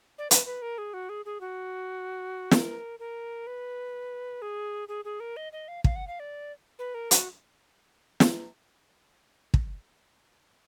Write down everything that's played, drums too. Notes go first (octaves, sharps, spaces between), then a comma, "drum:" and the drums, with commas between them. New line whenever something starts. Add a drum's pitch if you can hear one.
D5
B4, drum: hi-hat
B4
A#4
G#4
F#4
G#4
G#4
F#4
A#4, drum: snare
A#4
B4
G#4
G#4
G#4
A#4
D#5
D#5
F5
F5, drum: kick
F#5
F5
D5
B4
A#4
F#4, drum: hi-hat
drum: snare
drum: kick